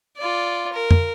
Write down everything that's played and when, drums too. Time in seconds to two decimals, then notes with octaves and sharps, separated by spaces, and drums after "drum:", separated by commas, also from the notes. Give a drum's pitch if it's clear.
0.17 F4 D5
0.73 A#4
0.91 drum: tom F2